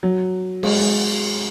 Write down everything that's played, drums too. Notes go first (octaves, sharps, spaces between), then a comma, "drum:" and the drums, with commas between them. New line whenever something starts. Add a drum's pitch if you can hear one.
F#3
G#3, drum: cymbal
G#3